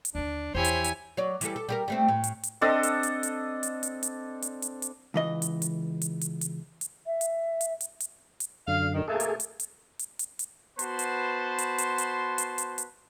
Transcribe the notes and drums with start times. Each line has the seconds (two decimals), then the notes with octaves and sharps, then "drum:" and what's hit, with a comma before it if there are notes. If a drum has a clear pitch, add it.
0.05 drum: hi-hat
0.15 D#2 D3 D4
0.54 E2 D#3 E4 G4 C5 C#5 G#5
0.64 drum: hi-hat
0.84 drum: hi-hat
1.17 F#3 C#5 D5
1.41 E3 G3 A4, drum: hi-hat
1.56 A4
1.69 G3 G4 A#4
1.88 G3 A3 C4
2.08 A2
2.24 drum: hi-hat
2.43 drum: hi-hat
2.61 C4 D4 A4 D#5
2.83 drum: hi-hat
3.03 drum: hi-hat
3.23 drum: hi-hat
3.63 drum: hi-hat
3.83 drum: hi-hat
4.03 drum: hi-hat
4.42 drum: hi-hat
4.62 drum: hi-hat
4.82 drum: hi-hat
5.14 C#2 E3 D#5
5.42 drum: hi-hat
5.62 drum: hi-hat
6.02 drum: hi-hat
6.21 drum: hi-hat
6.41 drum: hi-hat
6.81 drum: hi-hat
7.07 E5
7.21 drum: hi-hat
7.61 drum: hi-hat
7.81 drum: hi-hat
8.00 drum: hi-hat
8.40 drum: hi-hat
8.68 F#2 D3 F5
8.94 D#3
9.08 B2 A3 A#3 G#4 A4
9.20 drum: hi-hat
9.40 drum: hi-hat
9.60 drum: hi-hat
9.99 drum: hi-hat
10.19 drum: hi-hat
10.39 drum: hi-hat
10.79 B3 F#4 B4 C5 A5 C6, drum: hi-hat
10.99 drum: hi-hat
11.58 drum: hi-hat
11.78 drum: hi-hat
11.98 drum: hi-hat
12.38 drum: hi-hat
12.58 drum: hi-hat
12.78 drum: hi-hat